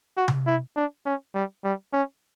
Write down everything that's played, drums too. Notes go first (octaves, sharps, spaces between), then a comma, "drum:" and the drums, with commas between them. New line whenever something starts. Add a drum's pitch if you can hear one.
F#4
drum: tom C3
E4
D4
C#4
G3
G3
C#4